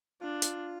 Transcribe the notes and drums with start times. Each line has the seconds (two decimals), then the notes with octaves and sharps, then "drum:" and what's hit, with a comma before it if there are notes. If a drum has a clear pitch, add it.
0.21 D4 F4
0.42 drum: hi-hat